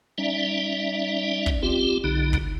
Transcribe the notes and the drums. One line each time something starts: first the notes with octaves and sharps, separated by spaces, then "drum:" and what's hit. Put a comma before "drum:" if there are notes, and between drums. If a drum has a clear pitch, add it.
G3 C#4 D#4 D5 E5
drum: kick
C4 F4 G4
B1 D3 D#4
drum: kick